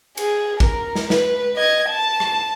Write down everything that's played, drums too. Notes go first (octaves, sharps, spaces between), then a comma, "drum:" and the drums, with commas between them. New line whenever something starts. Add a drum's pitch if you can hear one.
G#4, drum: cymbal
A#4, drum: kick
drum: snare
B4, drum: snare
D#5 G#6
A5
drum: rim click